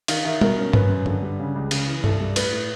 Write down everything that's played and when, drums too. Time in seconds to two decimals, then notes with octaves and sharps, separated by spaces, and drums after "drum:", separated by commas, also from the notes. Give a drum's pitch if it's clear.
0.08 D#3 F5, drum: cymbal
0.25 D#3 E5
0.41 B2 A#4, drum: tom G3
0.58 C#4
0.73 F#2 B4, drum: tom G2
0.90 F#2
1.06 D3, drum: tom G2
1.22 G3
1.39 C#3
1.55 C#2
1.71 C#3, drum: cymbal
1.88 E3
2.04 C2 A4, drum: tom G2
2.20 G3
2.36 A2 B4, drum: cymbal
2.52 A2